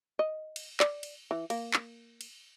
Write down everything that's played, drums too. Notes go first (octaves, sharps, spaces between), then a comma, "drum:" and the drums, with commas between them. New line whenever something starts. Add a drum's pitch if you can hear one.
D#5
drum: cymbal
D5, drum: clap
drum: cymbal
E3
A#3, drum: cymbal
drum: clap
drum: cymbal